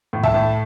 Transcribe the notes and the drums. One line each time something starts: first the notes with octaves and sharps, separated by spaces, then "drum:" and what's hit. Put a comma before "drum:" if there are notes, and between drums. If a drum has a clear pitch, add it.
A2
E5 A5, drum: kick
A2